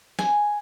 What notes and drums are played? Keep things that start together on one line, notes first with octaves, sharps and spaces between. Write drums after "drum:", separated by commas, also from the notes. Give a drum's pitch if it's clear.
G#5, drum: snare